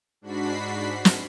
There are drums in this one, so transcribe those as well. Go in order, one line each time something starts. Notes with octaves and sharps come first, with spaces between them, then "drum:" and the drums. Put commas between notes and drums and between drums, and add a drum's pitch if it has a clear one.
G#2 D4 F#4 B5 B6 C7
drum: snare